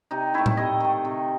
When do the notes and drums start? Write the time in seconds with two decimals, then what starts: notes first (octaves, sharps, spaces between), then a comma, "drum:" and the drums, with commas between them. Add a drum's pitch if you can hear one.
0.11 C3 D#4
0.34 D#3 A3 E4
0.46 drum: tom A2
0.57 C3 D#5
0.80 D#3 A3
1.05 C3